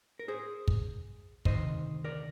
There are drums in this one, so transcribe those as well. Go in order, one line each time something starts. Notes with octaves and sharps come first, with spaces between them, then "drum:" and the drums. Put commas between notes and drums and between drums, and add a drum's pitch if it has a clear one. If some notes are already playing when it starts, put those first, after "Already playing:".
A#4
G#4 C5
drum: kick
D2 C3 D#3 C5 D#5, drum: kick
A#4 D5